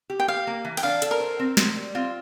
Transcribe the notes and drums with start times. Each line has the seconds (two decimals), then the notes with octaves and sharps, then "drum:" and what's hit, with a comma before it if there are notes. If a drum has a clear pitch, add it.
0.10 G4
0.20 G5
0.28 G4 F5
0.47 A#3
0.65 E3
0.77 G5, drum: cymbal
0.83 D4 F5
1.02 A4, drum: hi-hat
1.11 A#4
1.20 C5
1.39 C4
1.57 C4, drum: snare
1.76 G3
1.95 C4 F4